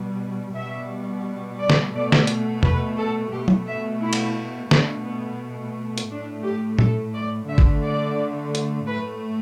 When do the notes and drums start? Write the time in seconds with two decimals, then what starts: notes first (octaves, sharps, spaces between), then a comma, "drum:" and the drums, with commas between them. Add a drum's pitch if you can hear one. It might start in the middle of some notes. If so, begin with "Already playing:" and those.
Already playing: B2 G3
0.55 B2 G3 E5
1.59 D5
1.70 drum: snare
1.93 B2 A3 D5
2.12 drum: snare
2.27 drum: hi-hat
2.63 B4, drum: tom
2.97 A4
3.32 B2 A3 G4
3.48 drum: tom F#3
3.67 E5
4.01 E4
4.13 drum: cymbal
4.71 B2 A3 D4, drum: snare
5.05 B3
5.98 drum: hi-hat
6.10 A2 A3 D4
6.44 G4
6.79 A4, drum: tom A#2
7.14 D5
7.48 D3 A3 E5
7.58 drum: kick
7.84 D5
8.55 drum: hi-hat
8.87 A2 A3 B4